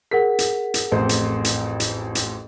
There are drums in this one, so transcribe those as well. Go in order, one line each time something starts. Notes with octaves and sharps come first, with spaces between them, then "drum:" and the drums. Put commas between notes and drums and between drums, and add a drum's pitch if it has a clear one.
G#4 A#4 F#5 B6
drum: hi-hat
drum: hi-hat
A1 F2 C5
drum: hi-hat
drum: hi-hat
drum: hi-hat
drum: hi-hat